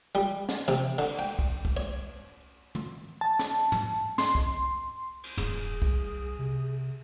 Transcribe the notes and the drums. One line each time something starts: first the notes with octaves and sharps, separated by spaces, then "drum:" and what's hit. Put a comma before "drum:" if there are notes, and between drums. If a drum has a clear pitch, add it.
G3
drum: snare
C3, drum: tom
D3, drum: cymbal
G5
drum: kick
drum: kick
C#5
drum: tom
A5
drum: snare
drum: tom
C6, drum: snare
drum: kick
drum: cymbal
D#1 G#4, drum: tom
C2, drum: kick
C3